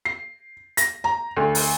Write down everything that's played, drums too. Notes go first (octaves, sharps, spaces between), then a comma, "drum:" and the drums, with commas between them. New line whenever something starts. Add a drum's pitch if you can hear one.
C7
A#6, drum: hi-hat
A#5
D2
drum: open hi-hat